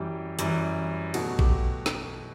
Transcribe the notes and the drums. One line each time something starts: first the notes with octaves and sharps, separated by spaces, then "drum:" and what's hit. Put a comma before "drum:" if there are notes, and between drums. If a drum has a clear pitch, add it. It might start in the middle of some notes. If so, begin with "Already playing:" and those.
Already playing: F#2 E3 G3 G4
F#2 E3 G3, drum: hi-hat
B2 F#3 A3 F#4, drum: cymbal
G4, drum: kick
drum: snare